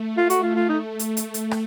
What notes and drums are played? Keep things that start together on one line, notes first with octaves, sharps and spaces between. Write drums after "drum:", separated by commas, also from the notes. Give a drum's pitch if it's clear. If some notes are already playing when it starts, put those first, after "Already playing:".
Already playing: A3
F4
F#4, drum: hi-hat
F4
F4
D#4
drum: hi-hat
drum: hi-hat
drum: hi-hat
drum: rim click